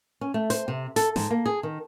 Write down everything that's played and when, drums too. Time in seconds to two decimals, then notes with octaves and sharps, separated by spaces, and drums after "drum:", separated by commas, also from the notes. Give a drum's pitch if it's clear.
0.21 C#4
0.34 A3
0.50 C5, drum: hi-hat
0.68 C3
0.96 A4, drum: hi-hat
1.16 G#2, drum: snare
1.30 A#3
1.46 G#4
1.63 D#3